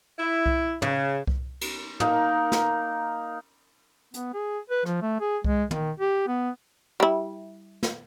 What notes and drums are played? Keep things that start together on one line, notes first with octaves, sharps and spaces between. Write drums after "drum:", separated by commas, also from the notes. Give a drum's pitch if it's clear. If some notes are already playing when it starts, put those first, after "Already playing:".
E4
drum: kick C2
C#3, drum: tom
drum: kick C2
drum: cymbal
A#3 D#4 A#4, drum: tom
drum: snare
B3, drum: hi-hat
G#4
B4
F3, drum: rim click
A3
G#4
G#3, drum: kick C2
D#3, drum: tom
G4
B3
G3 E4
drum: snare